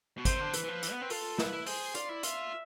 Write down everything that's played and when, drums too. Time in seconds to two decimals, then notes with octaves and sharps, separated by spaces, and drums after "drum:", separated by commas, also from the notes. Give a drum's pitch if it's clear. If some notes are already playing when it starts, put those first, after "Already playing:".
0.18 B2
0.25 C3 C5, drum: kick, hi-hat
0.40 D3
0.54 E3 B4, drum: hi-hat
0.64 E3
0.68 F3
0.83 E3, drum: hi-hat
0.92 B3
1.01 C4
1.10 F4 A4, drum: open hi-hat
1.38 E4 B4, drum: snare
1.53 E4
1.66 G#4 C5, drum: open hi-hat
1.95 F4 D5, drum: hi-hat
2.09 E4
2.23 F4 E5, drum: hi-hat